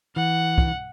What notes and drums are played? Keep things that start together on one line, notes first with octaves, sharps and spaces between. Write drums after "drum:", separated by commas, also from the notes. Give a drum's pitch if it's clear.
E3 F#5
drum: kick